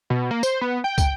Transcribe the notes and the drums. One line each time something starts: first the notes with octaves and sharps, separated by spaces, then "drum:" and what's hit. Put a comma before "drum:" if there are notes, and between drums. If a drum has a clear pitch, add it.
B2
A#3
C5, drum: tambourine
B3
G5
drum: kick, tambourine